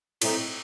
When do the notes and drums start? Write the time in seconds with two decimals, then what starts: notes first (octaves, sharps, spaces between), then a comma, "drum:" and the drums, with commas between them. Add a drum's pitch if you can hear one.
0.22 A2 A3 C4 D#4, drum: cymbal